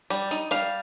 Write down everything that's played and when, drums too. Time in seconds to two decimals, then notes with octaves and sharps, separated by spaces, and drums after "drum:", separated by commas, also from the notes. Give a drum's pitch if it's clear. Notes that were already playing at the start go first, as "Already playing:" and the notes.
0.10 G3, drum: hi-hat
0.31 D#4, drum: hi-hat
0.51 G3 F5, drum: hi-hat